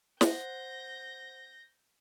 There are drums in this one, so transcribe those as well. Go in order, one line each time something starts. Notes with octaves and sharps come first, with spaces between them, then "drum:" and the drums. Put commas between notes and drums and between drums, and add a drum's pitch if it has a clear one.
C5 F#5 G6 A#6, drum: snare